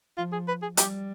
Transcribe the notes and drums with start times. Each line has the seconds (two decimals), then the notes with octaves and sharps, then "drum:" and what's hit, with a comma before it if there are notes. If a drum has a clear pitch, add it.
0.18 F3 F4
0.33 G#4
0.48 B4
0.62 G#4
0.77 G3 G4, drum: hi-hat